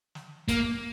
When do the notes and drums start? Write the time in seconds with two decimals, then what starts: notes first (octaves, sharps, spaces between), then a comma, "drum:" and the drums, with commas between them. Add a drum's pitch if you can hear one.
0.15 drum: snare
0.48 A#3, drum: kick, hi-hat